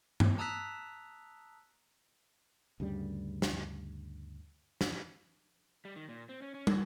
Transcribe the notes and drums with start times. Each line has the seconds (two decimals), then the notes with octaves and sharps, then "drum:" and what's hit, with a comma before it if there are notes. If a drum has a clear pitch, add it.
0.20 drum: tom G2
0.38 A5 A#5 D#6 E6 F#6 B6
2.80 D2 G2 C#3 G3
3.42 drum: snare
4.81 drum: snare
5.85 G3
5.96 D#3
6.09 A#2
6.29 C4
6.42 C#4
6.54 C#4
6.67 F#3, drum: tom